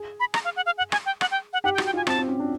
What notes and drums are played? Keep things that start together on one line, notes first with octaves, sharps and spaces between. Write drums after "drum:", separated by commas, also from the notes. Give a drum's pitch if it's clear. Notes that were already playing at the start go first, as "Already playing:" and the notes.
Already playing: G#4
B5
A#5, drum: rim click
F5
F#5
F5
F#5
G#5, drum: rim click
G5
F#5, drum: rim click
G5
F#5
G4 F#5
G5
F#4, drum: rim click
G5
F4 G#5
C4 A5, drum: rim click
C4
C#4
D4